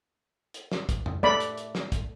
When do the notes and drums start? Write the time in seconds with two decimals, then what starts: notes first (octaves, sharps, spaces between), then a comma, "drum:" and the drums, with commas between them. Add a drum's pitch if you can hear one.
0.54 drum: hi-hat
0.72 drum: snare
0.89 drum: kick, hi-hat
1.06 drum: tom F2
1.23 A3 D5 B5
1.40 drum: hi-hat
1.58 drum: hi-hat
1.75 drum: snare
1.92 drum: kick, hi-hat